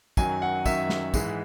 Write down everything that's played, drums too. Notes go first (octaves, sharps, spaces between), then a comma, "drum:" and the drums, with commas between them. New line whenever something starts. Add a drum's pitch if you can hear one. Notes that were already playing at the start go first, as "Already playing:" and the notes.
F#2 D#3 F#3 G#5, drum: kick, tambourine
F#5
F#2 D#3 F#3 E5, drum: kick, tambourine
drum: snare
G#2 E3 G#3, drum: kick, tambourine